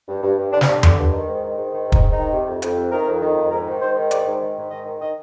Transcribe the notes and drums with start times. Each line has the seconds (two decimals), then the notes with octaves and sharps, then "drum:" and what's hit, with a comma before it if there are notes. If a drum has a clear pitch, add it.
0.08 G2
0.23 G2
0.38 G2
0.53 D3 D4
0.61 C4, drum: snare
0.68 G2 D4
0.83 D3, drum: tom E2
0.98 G2
1.12 D#3
1.27 G#2
1.43 D#3
1.57 G#2
1.72 D#3
1.87 G#2
1.92 D#4, drum: kick
2.02 G#2
2.12 D#3 D#4
2.32 C3
2.47 F2
2.62 F2, drum: hi-hat
2.77 C3
2.92 D#3 A#4
3.07 F2
3.21 D#3
3.36 F2
3.51 G#2 A#4
3.66 D#3
3.81 G#2 C5
3.96 D#3
4.11 G#2 D5, drum: hi-hat
4.26 G#2
4.41 D#3
4.56 G#2
4.71 D#3 D#5
4.86 D#3
5.00 D#3 D#5